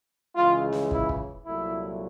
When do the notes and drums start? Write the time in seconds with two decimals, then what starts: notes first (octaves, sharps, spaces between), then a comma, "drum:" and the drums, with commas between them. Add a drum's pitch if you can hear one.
0.36 C#2 C#3 E3 G#3 F4
0.73 drum: snare
0.91 E4, drum: kick
1.09 drum: kick
1.45 C2 A#2 F#3 A3 E4